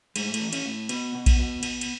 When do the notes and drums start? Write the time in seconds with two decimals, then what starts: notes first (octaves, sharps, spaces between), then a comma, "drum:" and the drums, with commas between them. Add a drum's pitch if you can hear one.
0.16 A2 G#3, drum: cymbal
0.34 A3, drum: cymbal
0.40 E3
0.53 C#4, drum: cymbal
0.66 A2
0.89 B2 B3, drum: cymbal
1.15 B2
1.26 drum: kick A#1, cymbal
1.39 B2
1.63 B2, drum: cymbal
1.81 drum: cymbal